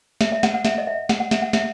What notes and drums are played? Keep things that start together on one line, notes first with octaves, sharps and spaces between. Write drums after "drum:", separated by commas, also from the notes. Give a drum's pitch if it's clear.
E5, drum: snare
E5
F#5, drum: snare
F#5
E5, drum: snare
D#5
E5
F#5, drum: snare
F#5
E5, drum: snare
F#5
E5, drum: snare